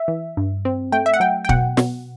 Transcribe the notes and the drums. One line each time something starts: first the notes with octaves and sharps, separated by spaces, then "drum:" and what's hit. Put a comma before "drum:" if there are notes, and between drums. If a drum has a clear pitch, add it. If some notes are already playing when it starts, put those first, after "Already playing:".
Already playing: E5
E3
G2
C4
A3 G5
E5
F#5
F#3 G5
G5
B2 F#5, drum: kick
B2, drum: snare